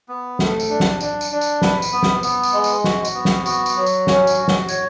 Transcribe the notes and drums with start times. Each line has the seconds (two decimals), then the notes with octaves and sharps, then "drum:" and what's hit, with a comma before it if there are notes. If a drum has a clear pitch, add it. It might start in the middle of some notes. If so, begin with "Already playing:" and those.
0.09 B3
0.39 A3, drum: snare
0.60 drum: tambourine
0.69 D4
0.80 drum: snare
1.01 D4, drum: tambourine
1.21 drum: tambourine
1.32 D4
1.41 drum: tambourine
1.62 B4, drum: snare
1.82 drum: tambourine
1.93 B3
2.03 drum: snare
2.23 B3, drum: tambourine
2.43 drum: tambourine
2.53 G#3
2.64 drum: tambourine
2.84 F#4, drum: snare
3.05 drum: tambourine
3.15 B3
3.25 drum: snare
3.46 F#4, drum: tambourine
3.66 drum: tambourine
3.76 F#3
3.86 drum: tambourine
4.07 C#4, drum: snare
4.27 drum: tambourine
4.37 F#4
4.48 drum: snare
4.69 C#5, drum: tambourine